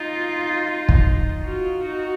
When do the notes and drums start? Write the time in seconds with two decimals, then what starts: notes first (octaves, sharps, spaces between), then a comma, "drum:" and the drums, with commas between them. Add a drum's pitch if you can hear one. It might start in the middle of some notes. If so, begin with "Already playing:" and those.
Already playing: D#4 F4
0.89 drum: kick
1.43 F4 F#4
1.83 D#4